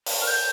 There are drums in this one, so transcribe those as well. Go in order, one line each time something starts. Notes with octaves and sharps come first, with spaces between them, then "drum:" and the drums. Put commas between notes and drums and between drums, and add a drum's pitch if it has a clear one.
drum: open hi-hat
F6
G6